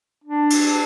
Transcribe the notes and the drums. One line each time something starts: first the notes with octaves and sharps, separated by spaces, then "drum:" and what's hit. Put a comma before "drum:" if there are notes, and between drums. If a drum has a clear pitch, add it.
D4
drum: cymbal